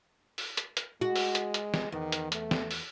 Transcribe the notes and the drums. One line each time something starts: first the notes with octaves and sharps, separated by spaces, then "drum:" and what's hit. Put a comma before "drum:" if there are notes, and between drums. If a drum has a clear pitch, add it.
drum: open hi-hat
drum: hi-hat
drum: hi-hat
G#3 F#4
drum: open hi-hat
drum: hi-hat
drum: hi-hat
drum: snare
E2 D#3
drum: hi-hat
A3, drum: hi-hat
drum: snare
drum: open hi-hat